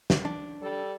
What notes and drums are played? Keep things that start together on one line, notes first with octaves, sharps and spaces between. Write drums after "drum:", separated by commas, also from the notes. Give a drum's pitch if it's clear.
drum: snare
D4
G3 A4